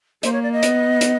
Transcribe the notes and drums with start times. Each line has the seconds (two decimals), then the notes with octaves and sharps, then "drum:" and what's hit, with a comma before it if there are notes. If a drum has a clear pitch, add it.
0.23 A#3 C5, drum: hi-hat
0.33 C#5
0.43 D5
0.52 D#5
0.63 B3, drum: hi-hat
1.01 drum: hi-hat